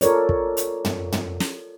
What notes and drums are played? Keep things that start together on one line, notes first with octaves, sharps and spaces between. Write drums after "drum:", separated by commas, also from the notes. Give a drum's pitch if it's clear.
F4 A4 A#4 C#5 D5, drum: hi-hat
drum: kick
drum: hi-hat
drum: tom
drum: tom
drum: snare